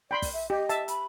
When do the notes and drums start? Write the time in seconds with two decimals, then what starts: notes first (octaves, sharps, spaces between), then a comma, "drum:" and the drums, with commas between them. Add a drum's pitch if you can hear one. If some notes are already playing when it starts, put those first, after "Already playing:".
0.11 D5 G5 B5 C6
0.22 drum: kick, open hi-hat
0.33 E5
0.50 G4 D#5
0.69 E5 A5, drum: hi-hat
0.88 B5, drum: hi-hat